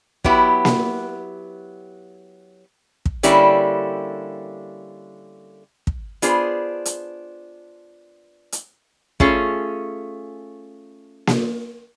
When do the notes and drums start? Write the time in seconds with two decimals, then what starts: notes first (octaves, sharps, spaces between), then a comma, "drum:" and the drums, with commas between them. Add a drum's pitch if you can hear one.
0.24 F#3 B3 E4 G4, drum: kick
0.65 drum: snare A#3
3.06 drum: kick
3.23 D3 G3 A#3 C#4 E4, drum: hi-hat
5.87 drum: kick
6.22 B3 D4 F4 G#4 C5, drum: hi-hat
6.85 drum: hi-hat
8.52 drum: hi-hat
9.20 A3 C#4 F4 G#4, drum: kick
11.27 drum: snare A#3